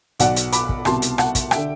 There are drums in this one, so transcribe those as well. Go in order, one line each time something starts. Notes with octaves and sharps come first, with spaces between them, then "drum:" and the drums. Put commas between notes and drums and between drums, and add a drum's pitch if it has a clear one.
B1 B2 D5 F#5, drum: hi-hat
drum: hi-hat
B5 D6, drum: hi-hat
drum: kick
C2 B2 A5 C6, drum: rim click
drum: hi-hat
F#5 A5, drum: rim click
drum: kick, hi-hat
D3 E5 G5, drum: rim click